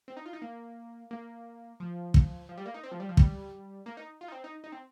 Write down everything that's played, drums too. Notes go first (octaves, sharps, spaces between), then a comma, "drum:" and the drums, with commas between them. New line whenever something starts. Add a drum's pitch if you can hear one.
C4
D#4
F4
D#4
A#3
A#3
F3
drum: kick
F3
G3
A#3
D#4
C4
F3
G3
F3
G3, drum: kick
A#3
D#4
F4
D#4
C4
D#4
D#4
C4